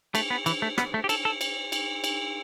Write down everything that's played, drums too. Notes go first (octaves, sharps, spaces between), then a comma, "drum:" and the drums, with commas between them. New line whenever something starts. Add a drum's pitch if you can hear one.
A3, drum: cymbal
B3
E3, drum: cymbal
A3
B3, drum: rim click
A3
G4
A4, drum: cymbal
A4
drum: cymbal
drum: cymbal
drum: cymbal